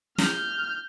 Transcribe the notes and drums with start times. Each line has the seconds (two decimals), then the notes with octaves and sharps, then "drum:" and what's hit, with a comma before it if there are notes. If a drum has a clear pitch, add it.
0.18 F6 G6, drum: snare